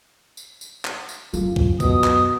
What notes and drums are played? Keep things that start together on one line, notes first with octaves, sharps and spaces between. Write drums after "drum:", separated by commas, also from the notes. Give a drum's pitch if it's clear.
drum: tambourine
drum: tambourine
drum: clap
drum: tambourine
F#2 F4, drum: tambourine
drum: kick C2
B2 D#6, drum: kick C2, tambourine
drum: clap